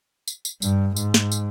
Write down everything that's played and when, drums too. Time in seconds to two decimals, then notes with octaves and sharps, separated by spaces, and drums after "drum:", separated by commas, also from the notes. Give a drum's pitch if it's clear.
0.28 drum: tambourine
0.45 drum: tambourine
0.62 G2, drum: tambourine
0.96 G#2, drum: tambourine
1.14 drum: snare
1.32 drum: tambourine